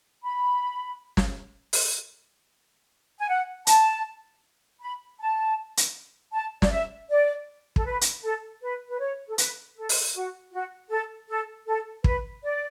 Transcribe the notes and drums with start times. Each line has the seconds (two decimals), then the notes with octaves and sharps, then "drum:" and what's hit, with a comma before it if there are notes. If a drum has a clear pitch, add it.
0.23 B5
1.17 drum: snare
1.73 drum: open hi-hat
3.19 G#5
3.29 F#5
3.67 A5, drum: hi-hat
4.81 B5
5.19 A5
5.77 drum: hi-hat
6.33 A5
6.62 D5, drum: snare
6.71 E5
7.09 D5
7.76 A4, drum: kick
7.85 B4
8.01 drum: hi-hat
8.23 A4
8.62 B4
8.89 B4
8.99 C#5
9.28 A4
9.38 B4, drum: hi-hat
9.76 A4
9.89 drum: open hi-hat
10.14 F#4
10.52 F#4
10.90 A4
11.28 A4
11.67 A4
12.04 B4, drum: kick
12.43 D5